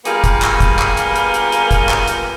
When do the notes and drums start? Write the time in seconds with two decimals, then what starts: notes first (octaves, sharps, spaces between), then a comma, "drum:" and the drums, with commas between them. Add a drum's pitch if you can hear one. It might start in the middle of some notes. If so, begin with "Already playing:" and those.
0.05 G3 A#3 B3 F4 G#4, drum: hi-hat
0.24 drum: kick, hi-hat
0.42 drum: clap
0.60 drum: kick, hi-hat
0.79 drum: clap
0.97 drum: hi-hat
1.16 drum: hi-hat
1.34 drum: hi-hat
1.52 drum: hi-hat
1.71 drum: kick, hi-hat
1.89 drum: clap
2.08 drum: hi-hat